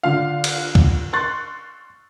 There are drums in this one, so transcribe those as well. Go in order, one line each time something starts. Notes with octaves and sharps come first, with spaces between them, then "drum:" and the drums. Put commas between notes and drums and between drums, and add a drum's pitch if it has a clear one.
D3 F4 F5
drum: cymbal
drum: kick
C6 C#6 F#6 A6